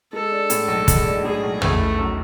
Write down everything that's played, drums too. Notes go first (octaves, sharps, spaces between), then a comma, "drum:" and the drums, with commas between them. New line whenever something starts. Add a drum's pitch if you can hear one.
G#3 A4
D4
A2, drum: hi-hat
B1
G#3, drum: kick, hi-hat
D4
A2 G#4
B1
C#3 A3, drum: tom
E3
F#2